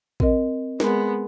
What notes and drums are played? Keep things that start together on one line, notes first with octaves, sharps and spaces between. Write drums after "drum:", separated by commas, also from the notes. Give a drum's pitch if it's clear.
C4 A#4 D#5, drum: kick A1
G#3 B3 G#4 A#4, drum: snare